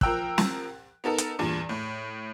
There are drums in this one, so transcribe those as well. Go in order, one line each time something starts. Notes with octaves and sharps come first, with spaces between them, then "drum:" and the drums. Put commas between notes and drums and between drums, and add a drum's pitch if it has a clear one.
F3 A#4 G5 E6 F#6, drum: kick
drum: snare
B3 D#4 A4 A#4
drum: hi-hat
E2 G2 A#2
A2